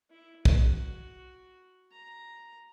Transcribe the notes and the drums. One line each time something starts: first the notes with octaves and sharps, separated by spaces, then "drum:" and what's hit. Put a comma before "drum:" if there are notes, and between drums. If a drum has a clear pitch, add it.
E4
F#4, drum: kick
A#5